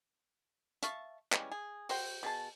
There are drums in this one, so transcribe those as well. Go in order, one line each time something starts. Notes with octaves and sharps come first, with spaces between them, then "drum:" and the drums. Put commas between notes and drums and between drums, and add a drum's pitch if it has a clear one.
E5 F5 A5 C#6, drum: hi-hat
E3 G3 G#3 C#4, drum: clap
G#4
F#4 C5 G5, drum: open hi-hat
B2 G#4 A5